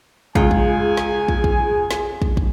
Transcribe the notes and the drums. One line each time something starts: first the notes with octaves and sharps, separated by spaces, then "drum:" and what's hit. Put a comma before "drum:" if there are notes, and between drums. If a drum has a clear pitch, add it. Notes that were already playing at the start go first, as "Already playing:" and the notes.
C#2 F4 G#4 G#5, drum: kick
drum: kick
drum: snare
drum: kick
drum: kick
drum: snare
drum: kick
drum: kick